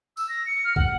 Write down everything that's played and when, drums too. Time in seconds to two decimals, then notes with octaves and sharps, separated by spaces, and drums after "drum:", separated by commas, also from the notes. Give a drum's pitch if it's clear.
0.17 E6, drum: tambourine
0.29 A#6
0.47 C#7
0.64 F6
0.76 F#5, drum: kick